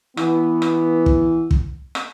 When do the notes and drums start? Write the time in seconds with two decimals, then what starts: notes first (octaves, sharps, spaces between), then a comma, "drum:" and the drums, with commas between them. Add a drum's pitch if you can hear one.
0.17 E3 B3, drum: rim click
0.62 drum: rim click
1.06 drum: kick
1.51 drum: kick
1.95 drum: rim click